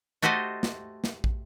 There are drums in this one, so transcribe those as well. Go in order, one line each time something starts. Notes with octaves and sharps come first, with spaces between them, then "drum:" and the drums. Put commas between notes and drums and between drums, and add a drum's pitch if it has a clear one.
A3 F#4 G4 C5 D#5 A5
drum: snare
drum: snare
drum: kick